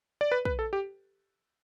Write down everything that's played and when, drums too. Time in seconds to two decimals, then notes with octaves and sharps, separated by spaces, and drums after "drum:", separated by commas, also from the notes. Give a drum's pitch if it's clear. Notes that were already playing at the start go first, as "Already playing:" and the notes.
0.21 D5
0.32 B4
0.45 B4, drum: kick
0.59 A4
0.73 G4